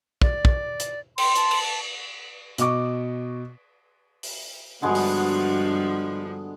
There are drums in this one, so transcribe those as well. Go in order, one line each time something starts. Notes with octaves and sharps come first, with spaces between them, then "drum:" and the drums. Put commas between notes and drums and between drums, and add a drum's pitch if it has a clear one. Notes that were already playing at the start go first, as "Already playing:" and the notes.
D5, drum: kick
drum: kick
drum: hi-hat
G5 C6, drum: cymbal
A5, drum: hi-hat
drum: cymbal
B2 D#5 C#6 D6, drum: hi-hat
drum: open hi-hat
G2 D3 F3 G#3 B3 F#4
drum: open hi-hat